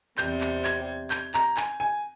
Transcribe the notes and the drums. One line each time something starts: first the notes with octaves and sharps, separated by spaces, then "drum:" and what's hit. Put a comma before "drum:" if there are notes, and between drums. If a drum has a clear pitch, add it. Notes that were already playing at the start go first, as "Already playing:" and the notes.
E2 C3 G3 C4 G6, drum: clap
drum: clap
G#6, drum: clap
G6, drum: clap
A#5, drum: clap
G#5, drum: clap
G#5